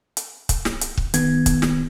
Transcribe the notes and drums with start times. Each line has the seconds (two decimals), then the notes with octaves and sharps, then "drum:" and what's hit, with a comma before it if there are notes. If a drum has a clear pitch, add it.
0.17 drum: hi-hat
0.49 drum: kick, hi-hat
0.65 drum: snare
0.81 drum: hi-hat
0.97 drum: kick
1.14 D#3 B3 G#6, drum: hi-hat
1.46 drum: kick, hi-hat
1.62 drum: snare